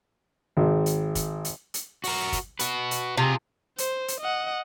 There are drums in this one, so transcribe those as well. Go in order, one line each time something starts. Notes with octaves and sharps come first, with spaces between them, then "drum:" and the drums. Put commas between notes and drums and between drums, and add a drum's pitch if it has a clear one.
G#1
drum: hi-hat
drum: kick, hi-hat
drum: hi-hat
drum: hi-hat
F#4 A#4, drum: open hi-hat
drum: kick, hi-hat
F#4 B4, drum: hi-hat
drum: hi-hat
C3 F4 G#4
C5, drum: hi-hat
drum: hi-hat
D#5 F#5